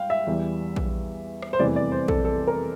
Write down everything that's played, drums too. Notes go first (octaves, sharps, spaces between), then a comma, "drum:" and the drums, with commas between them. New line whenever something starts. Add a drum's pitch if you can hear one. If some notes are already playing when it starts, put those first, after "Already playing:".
Already playing: G3 F5 G5
E5
E2 E3 G3
drum: kick A#1
drum: rim click
C5
F1 E2 C3 E3 G3 D5
D5
C5
A4, drum: kick A#1
A4
A#4